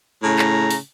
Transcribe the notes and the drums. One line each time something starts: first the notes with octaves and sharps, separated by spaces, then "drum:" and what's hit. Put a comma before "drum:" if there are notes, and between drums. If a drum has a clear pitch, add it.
A2 C#3 A#5
drum: clap
drum: open hi-hat